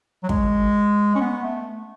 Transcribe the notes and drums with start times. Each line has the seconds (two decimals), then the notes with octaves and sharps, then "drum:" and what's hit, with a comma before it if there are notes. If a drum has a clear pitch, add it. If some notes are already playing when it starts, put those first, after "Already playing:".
0.23 F#3
0.29 G#3, drum: kick
1.15 C#4
1.21 B3
1.43 A3